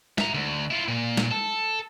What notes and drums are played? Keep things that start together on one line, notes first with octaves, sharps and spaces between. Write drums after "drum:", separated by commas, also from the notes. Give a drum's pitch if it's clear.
E5 A#5, drum: snare
D2
E4 F4
A#2
drum: snare
A4